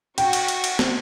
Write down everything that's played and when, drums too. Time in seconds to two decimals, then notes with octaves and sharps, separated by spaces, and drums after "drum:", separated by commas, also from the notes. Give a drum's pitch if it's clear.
0.18 F#4 G5, drum: cymbal
0.33 drum: cymbal
0.48 drum: cymbal
0.64 drum: cymbal
0.79 drum: snare